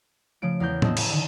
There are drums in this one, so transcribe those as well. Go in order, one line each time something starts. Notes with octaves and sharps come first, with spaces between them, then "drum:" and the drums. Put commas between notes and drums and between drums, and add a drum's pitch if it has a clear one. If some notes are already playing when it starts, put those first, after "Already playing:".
C#3 F3 A3 D7
E2 A#4 G6
D#5 A5 E6, drum: tom
drum: cymbal
D3 D#3